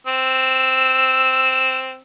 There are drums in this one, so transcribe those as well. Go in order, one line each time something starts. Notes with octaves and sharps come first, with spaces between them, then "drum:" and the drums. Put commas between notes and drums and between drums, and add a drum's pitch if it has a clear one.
C4 E6
drum: hi-hat
drum: hi-hat
drum: hi-hat